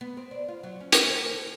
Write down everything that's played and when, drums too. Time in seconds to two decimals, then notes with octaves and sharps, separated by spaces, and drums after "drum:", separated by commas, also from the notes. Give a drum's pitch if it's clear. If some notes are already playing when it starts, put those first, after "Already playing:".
0.01 B3
0.17 C4
0.31 D4
0.48 F4
0.63 F#3
0.80 C#4
0.92 C4, drum: hi-hat
1.10 A#4
1.22 D#2
1.34 A4